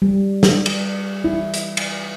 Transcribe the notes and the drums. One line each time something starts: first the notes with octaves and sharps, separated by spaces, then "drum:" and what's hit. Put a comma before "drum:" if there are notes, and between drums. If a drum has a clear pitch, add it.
G3
drum: snare
drum: cymbal
E4
drum: hi-hat
drum: cymbal